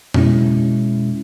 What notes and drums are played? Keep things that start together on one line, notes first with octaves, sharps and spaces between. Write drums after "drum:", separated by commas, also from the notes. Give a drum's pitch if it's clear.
B2 G#3 C#4 E4, drum: tom F2